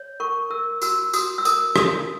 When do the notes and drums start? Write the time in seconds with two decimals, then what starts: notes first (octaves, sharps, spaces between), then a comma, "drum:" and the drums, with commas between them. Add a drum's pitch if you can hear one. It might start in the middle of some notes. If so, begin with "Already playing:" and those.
Already playing: C#5
0.20 A#4 C#6
0.50 A#4 E6
0.82 F#4 E6, drum: tambourine
1.13 F#4 D#6, drum: tambourine
1.38 E6
1.45 A#4 D#6, drum: tambourine
1.76 A#4 D#6, drum: rim click